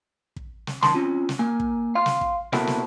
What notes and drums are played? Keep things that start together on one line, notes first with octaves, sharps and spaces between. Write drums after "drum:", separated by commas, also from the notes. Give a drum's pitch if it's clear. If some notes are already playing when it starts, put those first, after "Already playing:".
drum: kick
drum: snare
F#2 D#3 A5 C6, drum: snare
C4 C#4 F4
drum: snare
A#3 G#5
drum: kick
F5 C6
drum: snare
drum: kick
B2 A#3 C4 E4 F#4 A4, drum: snare
drum: snare